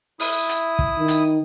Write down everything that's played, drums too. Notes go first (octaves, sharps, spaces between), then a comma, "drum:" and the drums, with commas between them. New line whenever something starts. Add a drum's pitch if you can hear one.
E4 D#6, drum: open hi-hat
drum: hi-hat
drum: kick
D#3
drum: hi-hat